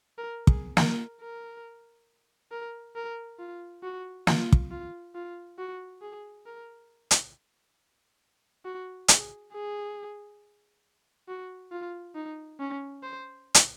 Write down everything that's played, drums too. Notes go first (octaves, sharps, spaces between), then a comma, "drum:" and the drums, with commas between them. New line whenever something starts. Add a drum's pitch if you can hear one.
A#4
G#4, drum: kick
A#4, drum: snare
A#4
A#4
A#4
F4
F#4
F4, drum: snare
drum: kick
F4
F4
F#4
G#4
A#4
drum: hi-hat
F#4
G#4, drum: hi-hat
G#4
F#4
F4
D#4
C#4
C5
drum: hi-hat